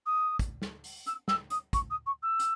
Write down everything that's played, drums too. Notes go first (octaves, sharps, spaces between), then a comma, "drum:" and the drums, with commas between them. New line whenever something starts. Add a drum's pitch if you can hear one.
D#6
drum: kick, hi-hat
drum: snare
drum: open hi-hat
E6, drum: hi-hat
E6, drum: snare
D#6, drum: hi-hat
C#6, drum: kick, hi-hat
D#6
C#6
E6
drum: hi-hat